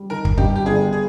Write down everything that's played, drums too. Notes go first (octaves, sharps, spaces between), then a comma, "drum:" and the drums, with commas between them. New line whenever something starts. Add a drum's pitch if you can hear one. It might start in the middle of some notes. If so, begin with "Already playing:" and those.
Already playing: G3
D#3 A#4
drum: kick
G2 G4, drum: kick
G4
G1 G#4
G#4